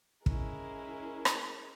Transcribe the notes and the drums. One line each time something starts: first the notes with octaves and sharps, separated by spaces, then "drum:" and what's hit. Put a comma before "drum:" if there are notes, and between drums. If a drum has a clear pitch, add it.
G#3 C#4 E4 A#4, drum: kick
drum: rim click